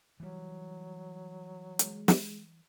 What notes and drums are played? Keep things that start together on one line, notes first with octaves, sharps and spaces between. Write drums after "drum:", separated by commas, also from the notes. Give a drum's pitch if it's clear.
E3 F#3 G3
G#3, drum: hi-hat
drum: snare